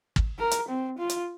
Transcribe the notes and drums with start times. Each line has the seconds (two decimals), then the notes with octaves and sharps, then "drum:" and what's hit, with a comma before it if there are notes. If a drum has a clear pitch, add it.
0.16 drum: kick
0.39 A#4
0.51 drum: hi-hat
0.69 C4
0.99 F4
1.09 drum: hi-hat